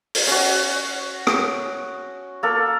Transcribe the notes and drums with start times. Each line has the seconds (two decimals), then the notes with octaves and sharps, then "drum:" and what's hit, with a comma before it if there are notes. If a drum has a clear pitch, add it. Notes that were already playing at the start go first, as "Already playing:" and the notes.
0.15 drum: open hi-hat
0.27 C#4 F#4
1.27 drum: rim click
2.43 A#3 A4 A#4